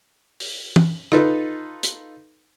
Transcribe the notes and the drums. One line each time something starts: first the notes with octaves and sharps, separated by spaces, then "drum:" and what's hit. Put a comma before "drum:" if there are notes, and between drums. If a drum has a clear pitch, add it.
drum: open hi-hat
drum: tom
D#4 F4 A4 B4, drum: rim click
drum: hi-hat